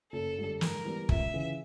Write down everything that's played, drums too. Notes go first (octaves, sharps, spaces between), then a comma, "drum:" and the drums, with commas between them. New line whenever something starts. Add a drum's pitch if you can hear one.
F#1 A4
F#2 D3 G3
G#2 A#4, drum: snare
E3 G3 B3
C#2 E5, drum: kick
C#3 E3